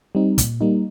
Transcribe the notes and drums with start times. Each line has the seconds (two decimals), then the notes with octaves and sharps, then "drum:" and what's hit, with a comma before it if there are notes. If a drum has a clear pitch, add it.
0.15 G3 C4 D#4
0.38 A#2, drum: kick, hi-hat
0.61 G3 A#3 D#4